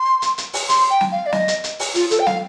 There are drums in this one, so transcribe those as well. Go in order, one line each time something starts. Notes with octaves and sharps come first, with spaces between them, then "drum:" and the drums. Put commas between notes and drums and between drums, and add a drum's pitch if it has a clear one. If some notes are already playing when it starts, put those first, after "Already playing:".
Already playing: C6
drum: hi-hat
drum: hi-hat
drum: open hi-hat
C6, drum: hi-hat
G5
drum: snare
F5
D5
D#5, drum: snare
drum: hi-hat
drum: hi-hat
drum: open hi-hat
F4, drum: hi-hat
A4, drum: hi-hat
G5
F5, drum: snare